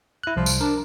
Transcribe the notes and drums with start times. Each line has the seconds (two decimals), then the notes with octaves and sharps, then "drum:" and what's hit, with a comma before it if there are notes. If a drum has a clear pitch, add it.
0.23 E4 F#6
0.37 C2 F3
0.46 drum: tambourine
0.61 D4 A#4